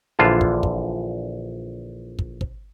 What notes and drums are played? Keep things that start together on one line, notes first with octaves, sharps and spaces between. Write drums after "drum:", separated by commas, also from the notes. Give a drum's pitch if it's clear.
A#1 D3 E3 F4 A5
drum: kick
drum: kick
drum: kick
drum: kick